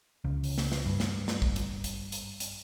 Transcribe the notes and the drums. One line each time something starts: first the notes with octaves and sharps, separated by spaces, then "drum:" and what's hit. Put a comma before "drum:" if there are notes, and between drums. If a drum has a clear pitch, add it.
C#2
drum: open hi-hat
drum: snare
drum: snare
G2
drum: snare
drum: snare
drum: kick
drum: hi-hat
drum: hi-hat
drum: hi-hat
drum: hi-hat